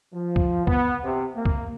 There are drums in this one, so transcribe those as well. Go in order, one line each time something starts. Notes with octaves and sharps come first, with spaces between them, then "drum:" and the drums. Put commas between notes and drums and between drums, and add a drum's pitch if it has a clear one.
F3
drum: kick C2
B3, drum: kick C2
C3
A#3
drum: kick C2